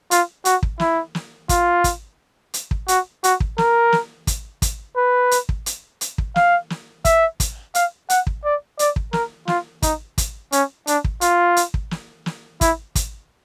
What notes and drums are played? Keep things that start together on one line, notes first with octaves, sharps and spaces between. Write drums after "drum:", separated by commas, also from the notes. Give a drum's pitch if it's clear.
F4, drum: hi-hat
F#4, drum: hi-hat
drum: kick
E4, drum: snare
drum: snare
F4, drum: kick, hi-hat
drum: kick, hi-hat
drum: hi-hat
drum: kick
F#4, drum: hi-hat
F#4, drum: hi-hat
drum: kick
A#4, drum: snare
drum: snare
drum: kick, hi-hat
drum: kick, hi-hat
B4
drum: hi-hat
drum: kick
drum: hi-hat
drum: hi-hat
drum: kick
F5, drum: snare
drum: snare
E5, drum: kick, hi-hat
drum: kick, hi-hat
F5, drum: hi-hat
F#5, drum: hi-hat
drum: kick
D5
D5, drum: hi-hat
drum: kick
A#4, drum: snare
F4, drum: snare
D#4, drum: kick, hi-hat
drum: kick, hi-hat
C#4, drum: hi-hat
D4, drum: hi-hat
drum: kick
F4, drum: hi-hat
drum: hi-hat
drum: kick
drum: snare
drum: snare
E4, drum: kick, hi-hat
drum: kick, hi-hat